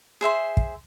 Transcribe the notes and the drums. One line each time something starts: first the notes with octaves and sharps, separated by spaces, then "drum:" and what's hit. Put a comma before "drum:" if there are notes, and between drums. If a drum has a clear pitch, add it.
G#4 C5 E5 C6
drum: kick